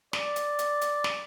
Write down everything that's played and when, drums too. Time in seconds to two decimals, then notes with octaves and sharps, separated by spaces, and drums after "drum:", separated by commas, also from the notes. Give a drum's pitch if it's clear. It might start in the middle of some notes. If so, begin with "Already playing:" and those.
0.13 D5, drum: snare
0.36 drum: hi-hat
0.59 drum: hi-hat
0.81 drum: hi-hat
1.04 drum: snare